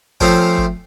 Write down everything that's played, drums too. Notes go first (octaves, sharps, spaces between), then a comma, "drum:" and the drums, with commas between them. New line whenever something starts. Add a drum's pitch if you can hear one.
F3 A3 C4 C#4 F4, drum: kick
drum: kick